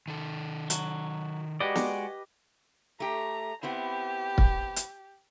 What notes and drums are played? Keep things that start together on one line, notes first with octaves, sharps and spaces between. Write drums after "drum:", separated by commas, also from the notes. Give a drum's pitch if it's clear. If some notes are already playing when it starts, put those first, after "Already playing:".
D#3 A4
F#3, drum: hi-hat
G#3 F#4 G4 B4 D5 D#5
drum: snare
A3 G4 A#5
B3 C4 E4 G4
drum: kick
drum: hi-hat